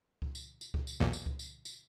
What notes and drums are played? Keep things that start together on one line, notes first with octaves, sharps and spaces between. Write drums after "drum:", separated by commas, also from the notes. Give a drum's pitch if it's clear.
drum: kick C#2
drum: tambourine
drum: tambourine
drum: kick C#2
drum: tambourine
B1 E2 A#2
drum: tambourine
drum: kick C#2
drum: tambourine
drum: tambourine